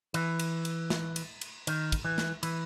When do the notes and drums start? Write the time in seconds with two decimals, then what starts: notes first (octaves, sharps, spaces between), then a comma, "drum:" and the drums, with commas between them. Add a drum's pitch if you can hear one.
0.14 E3, drum: cymbal
0.39 drum: cymbal
0.65 drum: cymbal
0.90 drum: snare
1.16 drum: cymbal
1.41 drum: cymbal
1.67 D#3, drum: cymbal
1.92 drum: kick, cymbal
2.05 E3
2.18 drum: snare
2.43 E3, drum: cymbal